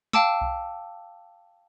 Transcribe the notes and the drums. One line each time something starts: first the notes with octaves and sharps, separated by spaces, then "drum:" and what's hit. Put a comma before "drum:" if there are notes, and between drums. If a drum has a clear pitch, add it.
F5 G5 A5 D6 E6, drum: snare
drum: kick B1